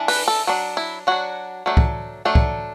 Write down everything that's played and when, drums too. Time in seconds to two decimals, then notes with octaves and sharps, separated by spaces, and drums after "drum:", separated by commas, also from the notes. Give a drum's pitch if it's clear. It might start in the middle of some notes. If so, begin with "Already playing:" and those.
Already playing: E3 D4
0.08 B4, drum: open hi-hat
0.28 A4
0.47 F#3 D4
0.77 E4
1.07 F#3 D4 F#4
1.66 F#3 A3 D4
1.77 drum: kick C2
2.25 F#3 A3 D4
2.35 drum: kick C2